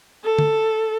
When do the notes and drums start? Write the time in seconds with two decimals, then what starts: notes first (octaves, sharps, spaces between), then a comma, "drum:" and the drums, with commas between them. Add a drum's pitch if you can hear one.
0.24 A4
0.39 drum: tom